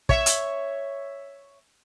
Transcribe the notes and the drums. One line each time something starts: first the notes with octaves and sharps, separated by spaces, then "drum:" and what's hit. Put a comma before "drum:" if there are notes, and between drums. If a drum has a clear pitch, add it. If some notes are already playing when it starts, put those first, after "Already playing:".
C#5 E5, drum: kick
drum: hi-hat